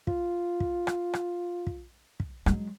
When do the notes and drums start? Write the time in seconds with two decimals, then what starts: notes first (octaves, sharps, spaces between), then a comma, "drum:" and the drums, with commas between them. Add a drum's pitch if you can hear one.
0.07 F4, drum: kick
0.60 drum: kick
0.87 drum: rim click
1.13 drum: rim click
1.67 drum: kick
2.20 drum: kick
2.46 F#3 G#3, drum: rim click